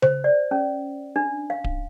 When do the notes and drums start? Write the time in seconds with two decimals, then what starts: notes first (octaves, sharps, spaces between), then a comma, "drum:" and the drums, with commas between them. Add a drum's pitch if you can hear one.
0.02 C5, drum: tom C#3
0.24 D5
0.51 C#4
1.16 D4
1.50 F5
1.64 drum: kick D1